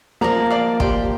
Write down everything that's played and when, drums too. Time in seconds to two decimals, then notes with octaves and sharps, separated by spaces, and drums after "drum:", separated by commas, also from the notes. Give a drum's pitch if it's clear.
0.21 F3 A#3 A#4 D5 A#5
0.50 D5 F5 D6
0.80 G4 D5 G5 C6, drum: kick